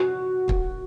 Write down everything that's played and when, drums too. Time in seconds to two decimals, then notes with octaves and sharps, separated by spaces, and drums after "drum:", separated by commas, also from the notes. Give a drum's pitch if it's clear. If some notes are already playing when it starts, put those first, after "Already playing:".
Already playing: F#4
0.49 drum: kick